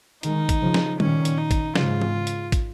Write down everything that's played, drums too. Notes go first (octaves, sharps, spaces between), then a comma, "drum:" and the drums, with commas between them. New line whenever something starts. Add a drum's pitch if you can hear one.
D#3 G#3 D#4, drum: hi-hat
drum: kick, hi-hat
C#3 F3
drum: snare
A#2 D#3 C#4, drum: tom G3
drum: hi-hat
D#4
drum: kick, hi-hat
G#2 C#3 F4, drum: snare
drum: tom E3
drum: hi-hat
drum: kick, hi-hat